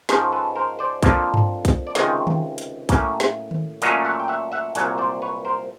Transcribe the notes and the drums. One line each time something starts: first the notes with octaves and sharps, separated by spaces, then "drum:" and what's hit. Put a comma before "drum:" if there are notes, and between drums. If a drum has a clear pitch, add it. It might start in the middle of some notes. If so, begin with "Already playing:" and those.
G#2 F3 G#3 C#4 A#4 C5, drum: snare
A4 B4
A#4 C5
C5 D5
F2 D3 F3 A#3, drum: kick, hi-hat
drum: tom G2
drum: kick, hi-hat
D5
C#2 C3 D#3 G#3 C#5 D#5, drum: snare
drum: tom D#3
drum: hi-hat
A2 F#3 A#3 C#4, drum: kick, hi-hat
drum: snare
drum: tom D#3
A#2 F#3 A3 C#4 D#5 F5, drum: hi-hat
E5 F#5
G5
E5 F#5
E5 F#5
C2 A#2 F#3 F#5 G#5, drum: hi-hat
C5 D5
B4 C#5
A#4 C5